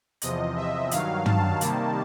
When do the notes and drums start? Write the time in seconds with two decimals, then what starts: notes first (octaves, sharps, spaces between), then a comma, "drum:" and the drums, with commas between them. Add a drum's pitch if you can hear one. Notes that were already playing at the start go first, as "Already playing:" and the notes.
0.22 E2 C3 F3 D#5, drum: hi-hat
0.57 E5
0.91 G2 D#3 F#3 F5, drum: hi-hat
1.26 A5, drum: tom
1.61 C3 D#3 G3 A#3, drum: hi-hat